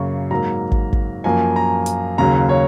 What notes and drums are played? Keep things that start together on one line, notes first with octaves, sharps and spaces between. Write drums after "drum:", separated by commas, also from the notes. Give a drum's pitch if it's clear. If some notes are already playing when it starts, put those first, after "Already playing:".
Already playing: F#2 C#3 F#3 A#3 C#6
G#2 F#3 A#3 A#5
drum: kick
drum: kick
F#2 F3 A#3 G#5
A#5
drum: hi-hat
D#2 C#3 F#3 A#5
C#5